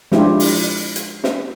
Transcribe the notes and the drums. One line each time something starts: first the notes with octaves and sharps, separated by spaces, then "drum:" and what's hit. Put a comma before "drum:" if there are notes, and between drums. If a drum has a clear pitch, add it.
F3 G#3 D4 E4 F4 G4, drum: snare
drum: open hi-hat
drum: hi-hat
drum: snare